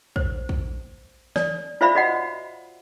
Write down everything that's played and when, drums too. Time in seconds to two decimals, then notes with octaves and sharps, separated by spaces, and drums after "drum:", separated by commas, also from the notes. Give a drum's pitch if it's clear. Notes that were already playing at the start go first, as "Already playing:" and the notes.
0.16 C5, drum: kick
0.49 drum: kick
1.36 D5, drum: snare
1.81 F4 C5 D5 E5 F5 B5
1.95 F#4 D#5 F#5